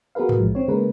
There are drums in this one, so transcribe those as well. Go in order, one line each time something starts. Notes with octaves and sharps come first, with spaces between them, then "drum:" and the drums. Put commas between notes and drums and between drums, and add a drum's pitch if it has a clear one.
B3 F#4 G#4 A#4 B4 F5
drum: tom G#2
B1 A2 F3 G#3
C4 C#5
C#3 G#3 A#3 B3 A#4 B4